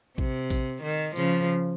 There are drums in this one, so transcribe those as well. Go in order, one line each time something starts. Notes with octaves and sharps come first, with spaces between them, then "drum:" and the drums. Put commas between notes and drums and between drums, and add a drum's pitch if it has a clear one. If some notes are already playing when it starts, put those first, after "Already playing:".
C3, drum: kick A1
drum: kick A1, tambourine
D#3
C#3 F3, drum: tambourine